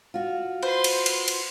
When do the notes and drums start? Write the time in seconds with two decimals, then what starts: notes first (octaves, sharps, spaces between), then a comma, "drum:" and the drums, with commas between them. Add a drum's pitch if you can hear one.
0.14 F4 F#4
0.63 B4 C5 C6
0.84 drum: cymbal
1.06 drum: cymbal
1.28 drum: cymbal